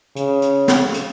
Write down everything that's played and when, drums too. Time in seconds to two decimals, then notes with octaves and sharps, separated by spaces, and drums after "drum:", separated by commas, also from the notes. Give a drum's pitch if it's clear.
0.16 C#3, drum: hi-hat
0.42 drum: hi-hat
0.68 drum: snare
0.94 drum: hi-hat